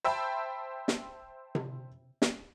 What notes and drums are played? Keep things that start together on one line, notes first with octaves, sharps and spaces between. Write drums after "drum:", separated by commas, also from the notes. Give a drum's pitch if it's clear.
C5 E5 G5 A5 B5
drum: snare
drum: tom C3
drum: snare